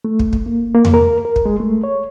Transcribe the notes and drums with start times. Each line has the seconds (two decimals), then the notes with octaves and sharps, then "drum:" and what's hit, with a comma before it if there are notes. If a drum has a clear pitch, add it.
0.05 A3
0.19 drum: kick
0.33 drum: kick
0.46 A#3
0.75 A#3
0.85 drum: tom E2
0.94 A#4
1.25 A#4
1.36 drum: kick
1.45 G#3
1.60 A3
1.84 C#5